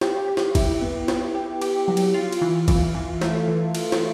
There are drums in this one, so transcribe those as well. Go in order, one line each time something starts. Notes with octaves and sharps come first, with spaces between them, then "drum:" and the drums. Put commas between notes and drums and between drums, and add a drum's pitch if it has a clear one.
G4, drum: snare
G4
drum: snare
E4, drum: kick G1, cymbal
B3
B3, drum: snare
G4
G4, drum: cymbal
F#3
drum: cymbal
F4
drum: cymbal
E3
E3, drum: kick G1, cymbal
E3
A3, drum: snare
E3
F4, drum: cymbal
drum: snare